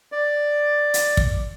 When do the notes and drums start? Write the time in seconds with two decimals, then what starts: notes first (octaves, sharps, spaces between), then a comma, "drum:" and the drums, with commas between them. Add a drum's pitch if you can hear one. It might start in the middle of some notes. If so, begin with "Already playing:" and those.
0.12 D5
0.94 drum: hi-hat
1.17 drum: kick